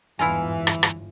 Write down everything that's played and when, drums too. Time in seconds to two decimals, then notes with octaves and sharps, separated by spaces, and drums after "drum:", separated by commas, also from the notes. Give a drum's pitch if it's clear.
0.19 G1 E2 G#2 E3 E4 F4 G#5 A#5
0.67 drum: rim click
0.83 drum: rim click